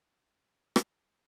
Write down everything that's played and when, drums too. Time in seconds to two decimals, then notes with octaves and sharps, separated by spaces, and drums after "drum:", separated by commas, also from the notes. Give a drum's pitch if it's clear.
0.08 F#1
0.26 D5 F#5 G#5
0.76 drum: rim click